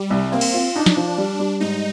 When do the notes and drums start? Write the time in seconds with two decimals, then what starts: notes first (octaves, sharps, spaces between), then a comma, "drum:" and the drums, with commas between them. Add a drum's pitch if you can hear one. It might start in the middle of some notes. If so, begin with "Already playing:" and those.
Already playing: G3
0.10 C2
0.32 A#3 C4
0.41 drum: cymbal
0.54 F4
0.76 D4 D#4
0.86 drum: snare
0.96 F3
1.18 G3
1.39 G3
1.60 G#2 D#4